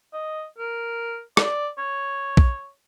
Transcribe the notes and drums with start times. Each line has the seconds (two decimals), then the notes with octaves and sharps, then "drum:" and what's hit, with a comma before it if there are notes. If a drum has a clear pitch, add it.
0.13 D#5
0.58 A#4
1.37 D5, drum: rim click
1.78 C#5
2.37 drum: kick A#1